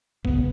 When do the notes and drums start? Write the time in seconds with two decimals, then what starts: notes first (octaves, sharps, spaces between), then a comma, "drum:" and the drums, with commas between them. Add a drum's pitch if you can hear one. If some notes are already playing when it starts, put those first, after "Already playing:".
0.25 E2 C#3 B3, drum: kick G#1